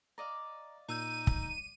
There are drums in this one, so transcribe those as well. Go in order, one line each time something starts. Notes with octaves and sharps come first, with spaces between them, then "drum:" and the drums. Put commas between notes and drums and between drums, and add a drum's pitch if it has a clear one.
D5 D#5 F5 A#5
A#2 D#4 E6 G6 D#7
drum: kick